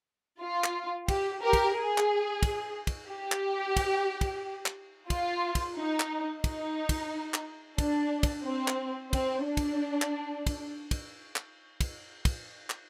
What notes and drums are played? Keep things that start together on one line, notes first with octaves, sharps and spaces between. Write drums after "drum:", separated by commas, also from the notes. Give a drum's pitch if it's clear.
F4
drum: clap
G4, drum: kick, cymbal
G4 A#4
drum: kick, cymbal
G#4
drum: clap
drum: kick, cymbal
drum: kick, cymbal
G4
drum: clap
drum: kick, cymbal
drum: kick, cymbal
drum: clap
F4, drum: kick, cymbal
drum: kick, cymbal
D#4
drum: clap
D#4, drum: kick, cymbal
drum: kick, cymbal
drum: clap
D4, drum: kick, cymbal
drum: kick, cymbal
C4
drum: clap
C4, drum: kick, cymbal
D4
drum: kick, cymbal
drum: clap
drum: kick, cymbal
drum: kick, cymbal
drum: clap
drum: kick, cymbal
drum: kick, cymbal
drum: clap